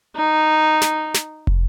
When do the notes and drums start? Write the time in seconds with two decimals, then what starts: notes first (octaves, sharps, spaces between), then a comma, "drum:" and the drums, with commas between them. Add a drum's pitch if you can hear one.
0.16 D#4
0.82 drum: snare
1.14 drum: snare
1.47 drum: kick